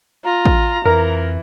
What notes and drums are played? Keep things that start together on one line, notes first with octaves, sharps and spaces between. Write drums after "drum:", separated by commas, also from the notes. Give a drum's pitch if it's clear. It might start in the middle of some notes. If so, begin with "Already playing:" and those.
F4 A#5
drum: kick A1
F2 E3 A#4